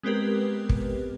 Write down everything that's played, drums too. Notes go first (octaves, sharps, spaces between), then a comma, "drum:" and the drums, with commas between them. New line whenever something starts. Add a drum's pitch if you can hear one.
G#3 B3 C4 G4 A#4 B4
drum: kick